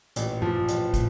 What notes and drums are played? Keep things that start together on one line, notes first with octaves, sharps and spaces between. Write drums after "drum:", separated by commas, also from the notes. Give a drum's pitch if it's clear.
A1 A#2, drum: hi-hat
F3, drum: tom G2
A1, drum: hi-hat
A2, drum: kick, hi-hat